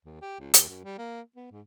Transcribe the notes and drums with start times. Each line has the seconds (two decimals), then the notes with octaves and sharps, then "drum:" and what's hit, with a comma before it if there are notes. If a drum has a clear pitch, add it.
0.05 D#2
0.22 G4
0.40 C#2
0.54 D#2, drum: hi-hat
0.69 F#2
0.85 G3
0.98 A#3
1.36 B3
1.51 G#2